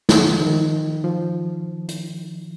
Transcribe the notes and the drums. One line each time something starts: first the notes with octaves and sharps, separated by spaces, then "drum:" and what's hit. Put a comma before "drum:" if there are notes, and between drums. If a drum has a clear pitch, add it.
D#3, drum: snare
F3
D#3
F3
drum: hi-hat